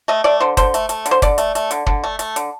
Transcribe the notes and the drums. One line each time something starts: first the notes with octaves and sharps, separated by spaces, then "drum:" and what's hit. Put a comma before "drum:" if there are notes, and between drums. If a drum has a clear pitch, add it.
A3 D#5
A3 D5
D3 C5
D3 C5, drum: kick, hi-hat
A3, drum: hi-hat
A3, drum: hi-hat
D3, drum: hi-hat
C5
D3 D5, drum: kick, hi-hat
A3, drum: hi-hat
A3, drum: hi-hat
D3, drum: hi-hat
D3, drum: kick
A3
A3, drum: hi-hat
D3, drum: hi-hat